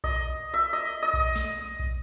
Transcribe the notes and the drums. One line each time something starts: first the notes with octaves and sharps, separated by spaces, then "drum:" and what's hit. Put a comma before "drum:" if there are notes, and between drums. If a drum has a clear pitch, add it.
D#5, drum: kick A#1
E5
D#5
D#5
drum: kick A#1
drum: snare
drum: kick A#1